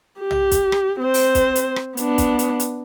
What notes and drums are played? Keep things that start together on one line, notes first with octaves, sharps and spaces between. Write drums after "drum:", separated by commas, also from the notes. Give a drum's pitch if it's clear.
G4
drum: tom
drum: kick, hi-hat
drum: rim click
C4 C5
drum: open hi-hat
drum: kick, hi-hat
drum: hi-hat
drum: rim click
B3 D4, drum: hi-hat
drum: kick, hi-hat
drum: hi-hat
drum: hi-hat